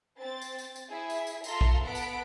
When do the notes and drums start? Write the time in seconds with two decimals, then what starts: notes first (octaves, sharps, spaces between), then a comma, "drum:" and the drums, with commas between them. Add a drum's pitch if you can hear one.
0.19 C4 A6
0.41 drum: tambourine
0.58 drum: tambourine
0.76 drum: tambourine
0.90 E4 G#4 E5
1.10 drum: tambourine
1.27 drum: tambourine
1.44 F4 A4 E5 A#5 C6, drum: tambourine
1.61 drum: kick A#1
1.82 B3 A4 F#5 B6 D7
1.95 drum: tambourine